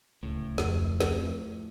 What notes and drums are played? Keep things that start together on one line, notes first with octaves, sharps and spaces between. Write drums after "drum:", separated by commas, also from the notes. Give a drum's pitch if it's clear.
D1 C#2 A2
F2, drum: snare
drum: snare